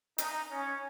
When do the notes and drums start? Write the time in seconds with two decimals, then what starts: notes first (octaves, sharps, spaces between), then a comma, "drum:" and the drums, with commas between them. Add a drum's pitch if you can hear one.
0.18 D#4, drum: hi-hat
0.50 C#4